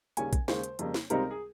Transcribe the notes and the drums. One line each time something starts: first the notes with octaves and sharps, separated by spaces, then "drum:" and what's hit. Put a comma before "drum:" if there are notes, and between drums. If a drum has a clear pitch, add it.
D#2 C#3 G3 C#4 G#5, drum: hi-hat
drum: kick A#1, hi-hat
D#2 C#3 G#3 C5, drum: snare
drum: hi-hat
F2 C#3 G3 A#3, drum: hi-hat
drum: snare
C#2 C3 G3 C4 D#4 A#4, drum: hi-hat
G#4